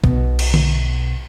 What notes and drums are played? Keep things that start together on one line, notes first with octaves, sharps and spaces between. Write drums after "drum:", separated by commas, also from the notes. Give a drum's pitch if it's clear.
B1 B2, drum: kick
drum: cymbal
drum: tom D3